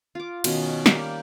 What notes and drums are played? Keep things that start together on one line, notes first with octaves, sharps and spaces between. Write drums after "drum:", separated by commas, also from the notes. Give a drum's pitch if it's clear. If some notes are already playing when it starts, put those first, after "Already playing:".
F4 D6
B2 D#3 C#4, drum: cymbal
G3 A#3 G4, drum: snare